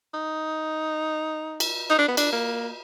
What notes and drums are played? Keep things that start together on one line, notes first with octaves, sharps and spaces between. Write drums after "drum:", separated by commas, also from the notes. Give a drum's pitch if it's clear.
D#4
drum: cymbal
D#4
D4
B3
D4, drum: cymbal
A#3